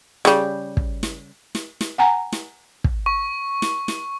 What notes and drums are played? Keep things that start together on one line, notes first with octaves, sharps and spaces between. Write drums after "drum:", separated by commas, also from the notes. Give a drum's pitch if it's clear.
C#3 G3, drum: snare
drum: kick
drum: snare
drum: snare
drum: snare
F#5 G#5 A#5
drum: snare
drum: kick
C#6
drum: snare
drum: snare